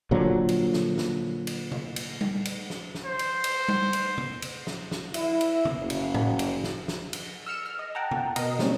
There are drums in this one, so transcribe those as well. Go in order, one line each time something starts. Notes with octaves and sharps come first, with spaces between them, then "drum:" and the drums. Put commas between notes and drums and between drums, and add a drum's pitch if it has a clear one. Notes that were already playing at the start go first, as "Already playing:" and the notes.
A#2 D3 F3 F#3
drum: cymbal
drum: snare
drum: snare
drum: cymbal
drum: tom C3
drum: cymbal
drum: tom G3
drum: cymbal
drum: snare
drum: snare
C5
drum: cymbal
drum: cymbal
drum: tom G3
drum: cymbal
drum: tom C3
drum: cymbal
drum: snare
drum: snare
E4, drum: cymbal
drum: cymbal
drum: tom C3
F#1
drum: cymbal
drum: tom A2
drum: cymbal
drum: snare
drum: snare
drum: cymbal
E6 F6 C#7 E7
F6
D#5
F#5 G5 A5 A#5
drum: tom C3
B2 A#4 D#5, drum: cymbal
D3 G3 A#3 C4 C#4 D#4, drum: snare